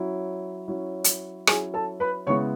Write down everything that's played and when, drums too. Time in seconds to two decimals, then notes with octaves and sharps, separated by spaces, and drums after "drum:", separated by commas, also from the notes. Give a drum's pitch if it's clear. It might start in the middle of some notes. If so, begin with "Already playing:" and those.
Already playing: F#3 C#4 E4
0.68 F#3 C#4 E4
1.04 drum: hi-hat
1.47 F#3 C#4 E4 G#4 G#5, drum: rim click
1.74 A4 A5
2.00 B4 B5
2.27 C#3 G#3 B3 E4 C#5 C#6